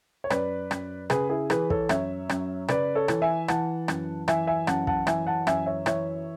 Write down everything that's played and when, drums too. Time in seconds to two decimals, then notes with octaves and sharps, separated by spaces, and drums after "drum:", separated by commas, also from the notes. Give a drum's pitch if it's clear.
0.24 C#5
0.30 F#2 B4 D5, drum: rim click
0.71 F#2, drum: rim click
1.10 C#3 G#4 B4, drum: rim click
1.30 E4 G#4
1.50 E3 G#4 B4, drum: rim click
1.70 A4 C#5, drum: kick
1.89 F#2 C#5 E5, drum: rim click
2.29 F#2, drum: rim click
2.68 C#3 B4 D5, drum: rim click
2.95 A4 C#5
3.08 E3, drum: rim click
3.22 E5 G#5
3.48 E3 F#5 A5, drum: rim click
3.88 F#2, drum: rim click
4.28 E3 E5 G#5, drum: rim click
4.47 E5 G#5
4.67 F#2 F#5 A5, drum: rim click
4.87 F#5 A5, drum: kick
5.07 E3 E5 G#5, drum: rim click
5.27 F#5 A5
5.47 F#2 E5 G#5, drum: rim click
5.66 C#5 E5
5.86 E3 C#5 E5, drum: rim click